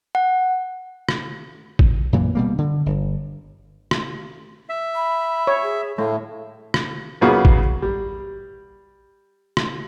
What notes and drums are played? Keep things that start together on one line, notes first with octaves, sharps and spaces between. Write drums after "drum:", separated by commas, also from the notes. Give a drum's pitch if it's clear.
F#5
drum: rim click
drum: kick
F#2 A#2 E3
B2 G3 A#3
D3
G1
drum: rim click
E5
B5
C#5
G#4
A2 A3 F5
drum: rim click
B1 F#2 A#2 C#3 A#3 B3
drum: kick
G3
drum: rim click